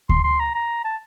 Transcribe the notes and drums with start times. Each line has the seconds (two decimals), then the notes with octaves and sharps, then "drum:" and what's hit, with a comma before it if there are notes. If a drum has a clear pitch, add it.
0.09 C6, drum: kick D2
0.25 C6
0.40 A#5
0.55 A#5
0.85 A5